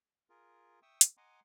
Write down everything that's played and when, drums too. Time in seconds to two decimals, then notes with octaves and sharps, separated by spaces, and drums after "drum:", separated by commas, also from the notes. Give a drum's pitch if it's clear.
0.30 F4 G#4 A#4
0.83 E5 G5 C#6 D#6 E6
1.01 drum: hi-hat
1.17 D#5 F#5 G#5 A#5 C6 D6